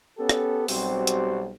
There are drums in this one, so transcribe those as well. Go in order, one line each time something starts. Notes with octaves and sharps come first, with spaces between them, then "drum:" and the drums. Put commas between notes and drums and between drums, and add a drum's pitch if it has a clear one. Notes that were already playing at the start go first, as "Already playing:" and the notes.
B3 C#4 G4 A4
drum: rim click
B1 G3 C4 F#4 G4 C5, drum: open hi-hat
drum: hi-hat